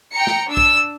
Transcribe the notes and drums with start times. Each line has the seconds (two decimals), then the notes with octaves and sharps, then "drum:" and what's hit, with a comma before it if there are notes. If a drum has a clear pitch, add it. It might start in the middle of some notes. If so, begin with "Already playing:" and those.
0.12 G5 A#5 C#7
0.27 drum: snare
0.47 D4 E6
0.57 drum: kick